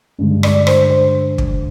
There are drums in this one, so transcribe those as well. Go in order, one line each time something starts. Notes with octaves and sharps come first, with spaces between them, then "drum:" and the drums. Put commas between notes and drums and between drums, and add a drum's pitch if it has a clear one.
G2 D3 G#3
D5, drum: rim click
C5, drum: rim click
C5
drum: kick